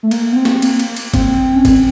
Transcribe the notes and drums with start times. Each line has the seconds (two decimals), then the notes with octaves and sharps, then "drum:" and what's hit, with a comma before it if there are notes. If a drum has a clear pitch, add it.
0.03 A3
0.11 A#3, drum: cymbal
0.32 B3
0.36 C4
0.45 drum: snare
0.62 A#3, drum: cymbal
0.79 drum: cymbal
0.96 drum: cymbal
1.14 C4, drum: kick G1, cymbal
1.56 C#4
1.65 C4, drum: kick G1, cymbal